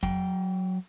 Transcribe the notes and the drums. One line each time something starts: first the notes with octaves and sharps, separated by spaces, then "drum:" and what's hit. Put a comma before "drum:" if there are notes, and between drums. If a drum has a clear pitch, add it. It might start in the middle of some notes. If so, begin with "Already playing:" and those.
F#3 G5, drum: kick F2